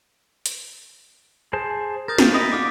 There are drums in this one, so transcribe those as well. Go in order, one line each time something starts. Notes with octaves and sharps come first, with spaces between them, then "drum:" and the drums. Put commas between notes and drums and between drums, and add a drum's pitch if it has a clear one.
drum: hi-hat
G#4 C5 A5
A#4 D#6 G6 A6
drum: snare
D#4 E4 D#5 D#6 B6
F4 F#4 D5 D6 F6